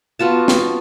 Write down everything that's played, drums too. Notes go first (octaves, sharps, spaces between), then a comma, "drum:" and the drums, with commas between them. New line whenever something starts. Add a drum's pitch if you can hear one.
B3 F4 F#4 A5
drum: snare